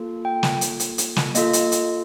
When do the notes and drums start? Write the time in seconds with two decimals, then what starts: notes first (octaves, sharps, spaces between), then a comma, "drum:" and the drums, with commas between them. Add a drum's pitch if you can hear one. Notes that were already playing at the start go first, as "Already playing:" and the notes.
Already playing: A#3 F4 A4
0.25 G5
0.43 drum: snare
0.61 drum: hi-hat
0.80 drum: hi-hat
0.98 drum: hi-hat
1.16 drum: snare
1.35 A#3 F4 A4 D#5, drum: hi-hat
1.53 drum: hi-hat
1.72 drum: hi-hat